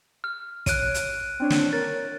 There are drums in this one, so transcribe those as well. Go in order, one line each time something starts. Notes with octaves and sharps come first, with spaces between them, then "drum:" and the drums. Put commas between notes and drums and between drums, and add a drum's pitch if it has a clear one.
F6
C#5 F#6 D7 D#7, drum: kick, hi-hat
drum: hi-hat
C4 D4 C#5
drum: snare
A#4 C#5 A6